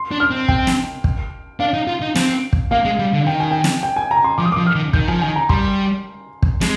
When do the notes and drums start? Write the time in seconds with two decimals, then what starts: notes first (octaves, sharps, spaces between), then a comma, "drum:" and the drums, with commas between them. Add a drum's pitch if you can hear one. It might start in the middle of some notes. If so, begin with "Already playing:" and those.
Already playing: C6
0.11 D4
0.20 F6
0.30 C4
0.48 G5, drum: kick
0.67 drum: snare
1.04 drum: kick
1.60 D4 F5
1.74 D#4
1.87 F4
2.02 D#4
2.15 C4, drum: snare
2.53 drum: kick
2.71 A#3 F5
2.85 G#3
2.99 G3
3.13 D3
3.27 D#3 G5
3.40 G#5
3.51 G5
3.64 drum: snare
3.83 G5
3.96 G#5
4.11 A#5
4.24 C6
4.38 F3 D6
4.45 D#6
4.52 D6
4.57 F3
4.67 F6
4.75 D#3
4.93 D#3 G6, drum: kick
5.08 F3 G#5
5.22 D#3 G#5
5.36 A#5
5.49 G3 C6, drum: kick
6.42 drum: kick
6.61 G#3, drum: snare